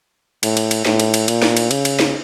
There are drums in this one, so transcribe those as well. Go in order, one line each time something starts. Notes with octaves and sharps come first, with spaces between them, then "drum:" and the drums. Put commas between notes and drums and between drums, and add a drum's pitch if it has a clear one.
A2, drum: cymbal
drum: cymbal
drum: cymbal
A2, drum: snare
drum: cymbal
drum: cymbal
A#2, drum: cymbal
drum: snare
drum: cymbal
C#3, drum: cymbal
drum: cymbal
drum: snare